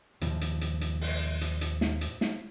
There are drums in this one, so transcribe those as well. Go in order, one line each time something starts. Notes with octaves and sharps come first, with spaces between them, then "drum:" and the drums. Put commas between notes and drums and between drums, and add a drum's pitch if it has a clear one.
D#2 A2 F3, drum: hi-hat
drum: hi-hat
drum: hi-hat
drum: hi-hat
drum: open hi-hat
drum: hi-hat
drum: hi-hat
drum: snare
drum: hi-hat
drum: snare